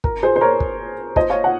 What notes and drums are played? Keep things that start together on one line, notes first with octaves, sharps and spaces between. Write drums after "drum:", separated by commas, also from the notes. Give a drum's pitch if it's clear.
A#4, drum: kick
G#4 C5
C5
A#4 C#5
drum: kick
C5 D#5, drum: kick
C#5 F5
F#5